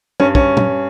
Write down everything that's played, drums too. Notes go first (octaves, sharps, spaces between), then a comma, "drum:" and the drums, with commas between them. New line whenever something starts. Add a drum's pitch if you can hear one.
G2 C#4, drum: tom G3
C#4, drum: kick
drum: tom